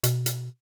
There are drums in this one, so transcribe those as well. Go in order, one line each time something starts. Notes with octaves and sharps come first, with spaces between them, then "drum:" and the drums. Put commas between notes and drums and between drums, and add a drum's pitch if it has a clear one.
B2, drum: hi-hat
drum: hi-hat